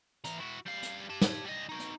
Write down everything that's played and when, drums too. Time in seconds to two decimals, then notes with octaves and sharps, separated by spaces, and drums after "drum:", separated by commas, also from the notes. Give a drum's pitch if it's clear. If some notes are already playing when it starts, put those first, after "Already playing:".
0.24 E3 A#5, drum: hi-hat
0.40 E4 F#4
0.66 G3 F5
0.83 drum: hi-hat
1.10 G4 A5
1.21 drum: snare
1.45 G3 D#5
1.69 D#4 F#4
1.80 drum: hi-hat